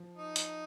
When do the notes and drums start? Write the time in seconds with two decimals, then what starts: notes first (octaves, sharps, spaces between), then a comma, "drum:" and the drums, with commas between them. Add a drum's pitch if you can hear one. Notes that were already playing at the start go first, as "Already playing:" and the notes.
Already playing: F3
0.17 D#4
0.36 drum: hi-hat